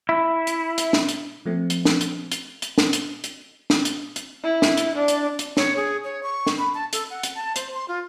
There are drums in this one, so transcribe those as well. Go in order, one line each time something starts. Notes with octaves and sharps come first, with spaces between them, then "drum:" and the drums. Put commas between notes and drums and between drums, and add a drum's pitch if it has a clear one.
E4
drum: hi-hat
drum: hi-hat
drum: snare
drum: hi-hat
F3 A3 C4
drum: hi-hat
drum: snare
drum: hi-hat
drum: hi-hat
drum: hi-hat
drum: snare
drum: hi-hat
drum: hi-hat
drum: snare
drum: hi-hat
drum: hi-hat
E4
drum: snare
drum: hi-hat
D4
drum: hi-hat
drum: hi-hat
C#5, drum: snare
G#4
C#5
C#6
drum: snare
B5
A5
A4, drum: hi-hat
F#5
drum: hi-hat
A5
C5, drum: hi-hat
C6
F4